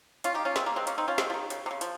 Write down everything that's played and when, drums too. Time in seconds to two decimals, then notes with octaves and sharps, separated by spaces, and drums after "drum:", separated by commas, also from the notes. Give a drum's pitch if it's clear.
0.24 C#4 F4, drum: hi-hat
0.34 D#4 G4
0.45 C#4 F4
0.56 G#3 C4, drum: snare
0.66 A#3
0.76 G#3 C4
0.87 A#3 C#4, drum: hi-hat
0.98 C4 D#4
1.08 C#4 F4
1.18 G#3 C4, drum: snare
1.30 F3
1.34 D#3
1.50 C#3, drum: hi-hat
1.66 C3
1.71 C#3
1.81 F3, drum: hi-hat